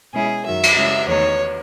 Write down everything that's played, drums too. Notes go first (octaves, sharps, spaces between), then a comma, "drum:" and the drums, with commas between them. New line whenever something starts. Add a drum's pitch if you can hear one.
B2 G#3 C#4 E4 G#4
F#2 D#3 F#3 E5
drum: cymbal
C#3 G#3 C#4 E4 E5
E2 D#3 A3 D#4 C#5